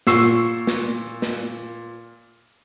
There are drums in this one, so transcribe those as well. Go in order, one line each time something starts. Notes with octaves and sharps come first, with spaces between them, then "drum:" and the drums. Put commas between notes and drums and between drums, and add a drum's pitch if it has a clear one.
A#2 C#6 E6 C7, drum: snare
drum: snare
drum: snare